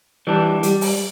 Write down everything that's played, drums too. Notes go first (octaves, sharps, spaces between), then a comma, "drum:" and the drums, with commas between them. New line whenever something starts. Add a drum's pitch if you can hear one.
E3 G3 D4
G3, drum: hi-hat
drum: open hi-hat